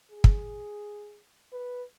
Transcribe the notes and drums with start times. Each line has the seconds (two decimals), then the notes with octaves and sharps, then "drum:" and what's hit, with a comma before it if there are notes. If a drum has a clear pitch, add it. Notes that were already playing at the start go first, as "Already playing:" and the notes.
0.11 G#4
0.24 drum: kick
1.52 B4